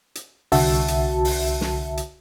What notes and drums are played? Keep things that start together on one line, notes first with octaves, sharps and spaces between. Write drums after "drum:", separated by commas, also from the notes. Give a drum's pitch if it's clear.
drum: hi-hat
C2 D3 F#4 E5 A5, drum: open hi-hat
drum: hi-hat
drum: open hi-hat
drum: snare
drum: hi-hat